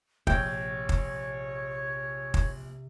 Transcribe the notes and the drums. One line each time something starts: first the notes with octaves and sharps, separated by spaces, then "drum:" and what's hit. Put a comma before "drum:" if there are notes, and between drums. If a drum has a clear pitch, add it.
A#1 C3 C#5 G5, drum: kick
drum: kick
drum: kick